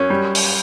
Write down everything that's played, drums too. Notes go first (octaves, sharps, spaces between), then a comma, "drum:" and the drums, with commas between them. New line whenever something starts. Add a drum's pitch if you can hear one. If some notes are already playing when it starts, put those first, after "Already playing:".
Already playing: F#2 C#4
G3
drum: open hi-hat